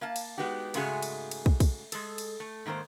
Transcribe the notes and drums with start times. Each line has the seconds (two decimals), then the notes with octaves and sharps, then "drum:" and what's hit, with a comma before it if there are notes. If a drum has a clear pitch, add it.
0.01 A#3 F5 A5
0.16 drum: cymbal
0.38 G#3 B3 D#4 F#4 G4
0.74 G#2 C#3 G#3 A3 F#4 G#4, drum: cymbal
1.03 drum: cymbal
1.31 drum: cymbal
1.46 drum: kick
1.60 drum: kick, cymbal
1.92 G#3 G#4 A4, drum: cymbal
2.18 drum: cymbal
2.40 A3
2.66 G#2 D#3 A#3 G#4 C5